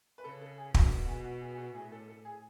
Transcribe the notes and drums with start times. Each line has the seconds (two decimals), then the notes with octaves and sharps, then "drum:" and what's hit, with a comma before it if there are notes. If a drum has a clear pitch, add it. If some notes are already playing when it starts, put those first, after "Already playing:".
0.18 B4
0.24 C#3 A4
0.42 A4
0.58 G#4
0.74 B2 A4, drum: kick
0.91 A4
1.04 F#4
1.08 G#4
1.24 F#4
1.41 G#4
1.52 G#4
1.58 F#4
1.75 A2 G#4
1.92 A4
2.08 A4
2.25 G#4